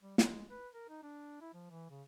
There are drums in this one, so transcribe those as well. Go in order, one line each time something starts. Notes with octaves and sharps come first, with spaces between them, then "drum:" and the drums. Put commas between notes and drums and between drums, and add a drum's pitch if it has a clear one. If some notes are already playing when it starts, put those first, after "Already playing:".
G3
G#3, drum: snare
B4
A#4
D#4
D4
E4
F3
E3
C#3